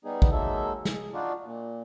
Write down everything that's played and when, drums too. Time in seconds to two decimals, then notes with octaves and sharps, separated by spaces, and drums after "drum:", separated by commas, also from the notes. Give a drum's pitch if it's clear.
0.05 G3 B3 D#4 G#4
0.22 drum: kick
0.31 F#3 G#3 A#3 D#4 A4 E5
0.85 G#4, drum: snare
1.14 D4 D#4 F4 F#4 D5
1.44 A#2